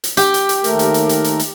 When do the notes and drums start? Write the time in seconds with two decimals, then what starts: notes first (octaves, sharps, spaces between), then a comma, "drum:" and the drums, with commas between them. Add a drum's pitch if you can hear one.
0.04 drum: hi-hat
0.17 G4, drum: hi-hat
0.34 drum: hi-hat
0.49 drum: hi-hat
0.64 D#2 A3 A#4, drum: hi-hat
0.79 drum: hi-hat
0.94 drum: hi-hat
1.09 drum: hi-hat
1.24 drum: hi-hat
1.39 drum: hi-hat